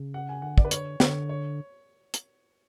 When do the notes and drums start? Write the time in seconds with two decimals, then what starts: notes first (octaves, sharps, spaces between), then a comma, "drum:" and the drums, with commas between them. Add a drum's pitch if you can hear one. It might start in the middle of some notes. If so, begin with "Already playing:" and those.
Already playing: C#3
0.14 F#5
0.29 G#5
0.42 D3 F#5
0.58 D5, drum: kick
0.65 B4
0.71 C#5, drum: hi-hat
1.00 D3 C#5, drum: snare
1.29 C#5
2.14 drum: hi-hat